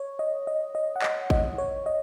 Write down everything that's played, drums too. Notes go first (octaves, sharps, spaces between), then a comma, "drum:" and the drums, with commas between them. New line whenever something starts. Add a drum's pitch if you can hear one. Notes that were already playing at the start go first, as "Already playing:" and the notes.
Already playing: C#5
D#5
D#5
D#5
F#5
D#5, drum: clap
D#5, drum: kick G1
C#5
D#5